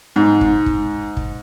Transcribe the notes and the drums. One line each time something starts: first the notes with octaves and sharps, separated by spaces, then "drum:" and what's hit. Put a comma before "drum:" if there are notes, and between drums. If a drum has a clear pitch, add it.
G#2
drum: kick
drum: kick
drum: kick